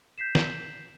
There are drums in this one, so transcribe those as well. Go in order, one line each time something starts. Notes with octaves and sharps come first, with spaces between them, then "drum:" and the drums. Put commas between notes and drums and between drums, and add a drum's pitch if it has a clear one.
G6 B6 C7 E7
drum: snare